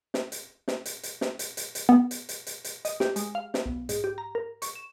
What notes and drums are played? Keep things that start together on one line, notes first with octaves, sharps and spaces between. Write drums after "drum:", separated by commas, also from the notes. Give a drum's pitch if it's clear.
drum: snare
drum: hi-hat
drum: snare
drum: hi-hat
drum: hi-hat
drum: snare
drum: hi-hat
drum: hi-hat
drum: hi-hat
B3
drum: hi-hat
drum: hi-hat
drum: hi-hat
drum: hi-hat
D#5, drum: hi-hat
G4, drum: snare
G#3, drum: hi-hat
F5
drum: snare
B1
G#2, drum: hi-hat
G4
A#5
A#4
C#6, drum: hi-hat
E7